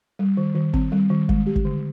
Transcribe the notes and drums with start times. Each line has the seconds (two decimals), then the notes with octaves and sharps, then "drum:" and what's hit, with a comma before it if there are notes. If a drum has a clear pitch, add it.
0.19 G3
0.37 D#3
0.55 D#3
0.73 C4, drum: kick G1
0.92 G3
1.10 D#3
1.29 G#3, drum: kick G1
1.47 G4
1.56 drum: kick G1
1.65 D3